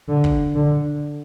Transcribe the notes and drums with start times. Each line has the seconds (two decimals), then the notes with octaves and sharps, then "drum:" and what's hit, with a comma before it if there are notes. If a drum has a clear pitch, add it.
0.08 D3
0.24 drum: kick
0.55 D3